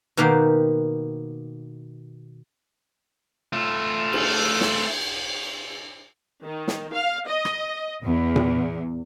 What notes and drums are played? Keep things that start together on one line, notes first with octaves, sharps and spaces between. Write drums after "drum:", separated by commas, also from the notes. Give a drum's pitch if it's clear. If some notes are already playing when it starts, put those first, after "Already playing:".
B2 D#3 A#3 G4 F#5 C6
A3 F4
drum: cymbal
drum: snare
D#3
drum: snare
F5
D#5
drum: rim click
E2
drum: tom A#2